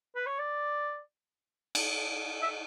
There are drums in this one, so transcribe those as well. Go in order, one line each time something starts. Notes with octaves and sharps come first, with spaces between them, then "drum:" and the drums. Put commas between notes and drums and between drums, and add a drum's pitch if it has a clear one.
B4
C#5
D5
drum: cymbal
E5